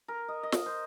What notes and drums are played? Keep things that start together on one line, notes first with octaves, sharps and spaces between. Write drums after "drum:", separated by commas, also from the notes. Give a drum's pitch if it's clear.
A#4
D#5
D#5
drum: snare
C5